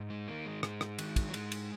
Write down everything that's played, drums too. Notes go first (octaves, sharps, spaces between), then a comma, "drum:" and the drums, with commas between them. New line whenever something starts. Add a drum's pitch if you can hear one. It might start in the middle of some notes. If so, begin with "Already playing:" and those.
Already playing: G#2
G#3
D#3 A#3
G#3
G#2 G#3, drum: rim click
drum: rim click
D#3, drum: cymbal
drum: kick, cymbal
F#3
G#2 G#3, drum: cymbal
drum: cymbal